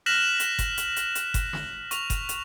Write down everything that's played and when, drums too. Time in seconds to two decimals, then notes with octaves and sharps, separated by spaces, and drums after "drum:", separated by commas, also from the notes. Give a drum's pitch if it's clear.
0.06 F6 F#6 A#6 B6 E7 F#7
0.40 drum: hi-hat
0.59 drum: kick F#1, hi-hat
0.77 drum: hi-hat
0.96 drum: hi-hat
1.15 drum: hi-hat
1.34 drum: kick F#1, hi-hat
1.53 drum: snare
1.91 C#6 F7, drum: hi-hat
2.10 drum: kick F#1, hi-hat
2.29 drum: hi-hat